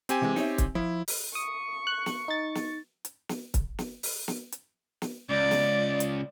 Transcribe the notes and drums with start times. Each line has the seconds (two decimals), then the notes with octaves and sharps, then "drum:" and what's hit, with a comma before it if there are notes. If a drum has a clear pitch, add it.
0.09 C4 G4 G#5, drum: hi-hat
0.22 C3 E3 G#3
0.36 D#4 C#5 E5, drum: snare
0.58 drum: kick, hi-hat
0.75 F3 E4
1.08 drum: open hi-hat
1.35 C#6 D#6
1.87 F#6
2.06 drum: snare
2.28 D#4 A6
2.55 drum: snare
3.05 drum: hi-hat
3.29 drum: snare
3.54 drum: kick, hi-hat
3.79 drum: snare
4.03 drum: open hi-hat
4.28 drum: snare
4.52 drum: hi-hat
5.02 drum: snare
5.30 C#2 D5
5.51 drum: snare
6.00 drum: hi-hat